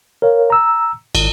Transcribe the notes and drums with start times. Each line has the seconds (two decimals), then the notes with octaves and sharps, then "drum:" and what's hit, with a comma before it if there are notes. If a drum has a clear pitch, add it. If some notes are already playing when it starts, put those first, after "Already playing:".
0.22 A#4 C#5 F5
0.50 A#5 E6
1.15 G#1, drum: cymbal